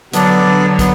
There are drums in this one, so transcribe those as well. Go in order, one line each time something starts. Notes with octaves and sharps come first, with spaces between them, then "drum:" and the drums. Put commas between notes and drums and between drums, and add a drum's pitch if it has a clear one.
D3 F#3 B3 D4 A4 D5, drum: hi-hat
D3 F#3
B3, drum: kick, hi-hat